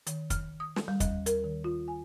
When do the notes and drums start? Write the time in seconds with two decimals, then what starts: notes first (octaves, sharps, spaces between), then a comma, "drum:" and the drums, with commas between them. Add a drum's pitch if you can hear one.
0.07 D#3, drum: hi-hat
0.30 F6, drum: kick, hi-hat
0.60 D#6
0.76 drum: snare
0.88 G3
1.00 D#2, drum: kick, hi-hat
1.26 A#4, drum: hi-hat
1.44 D#3
1.64 F4
1.88 G#5